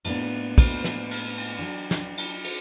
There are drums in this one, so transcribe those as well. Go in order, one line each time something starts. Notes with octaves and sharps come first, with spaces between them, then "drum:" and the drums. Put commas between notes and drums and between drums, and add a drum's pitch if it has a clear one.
A2 G3 A#3 B3 D4, drum: cymbal
drum: kick, cymbal
drum: snare
drum: cymbal
drum: cymbal
F#3 D4
drum: snare
drum: cymbal
drum: cymbal